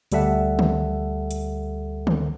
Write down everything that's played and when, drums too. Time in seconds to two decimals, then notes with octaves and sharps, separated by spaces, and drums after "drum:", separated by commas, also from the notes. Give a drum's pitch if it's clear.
0.12 D2 G3 A4 E5 F#5, drum: hi-hat
0.59 drum: tom D3
1.31 drum: hi-hat
2.07 drum: tom D3